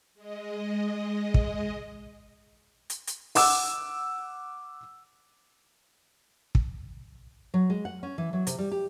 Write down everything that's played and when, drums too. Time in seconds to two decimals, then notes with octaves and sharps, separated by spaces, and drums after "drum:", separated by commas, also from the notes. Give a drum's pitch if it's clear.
0.14 G#3 D#5
1.34 drum: kick
2.90 drum: hi-hat
3.07 drum: hi-hat
3.35 F#5 D6 E6, drum: open hi-hat
6.55 drum: kick
7.54 F#3
7.70 G#3
7.85 F#5
8.03 C#4
8.18 E3
8.33 F#3
8.47 C3, drum: hi-hat
8.59 G3
8.71 G4